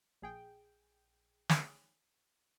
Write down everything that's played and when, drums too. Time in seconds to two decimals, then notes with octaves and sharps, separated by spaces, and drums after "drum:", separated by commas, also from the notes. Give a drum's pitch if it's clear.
0.22 A#1 G#4 G5
1.49 drum: snare